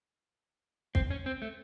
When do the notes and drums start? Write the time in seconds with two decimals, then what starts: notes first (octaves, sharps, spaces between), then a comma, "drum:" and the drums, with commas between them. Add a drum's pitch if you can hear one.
0.95 C4, drum: kick
1.11 C#4
1.26 C4
1.42 A3